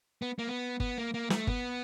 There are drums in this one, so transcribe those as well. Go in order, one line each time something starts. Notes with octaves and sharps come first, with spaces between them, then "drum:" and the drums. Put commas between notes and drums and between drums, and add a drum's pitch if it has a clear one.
B3
A#3
B3
B3, drum: kick G1
A#3
A#3
A3, drum: snare
B3, drum: kick G1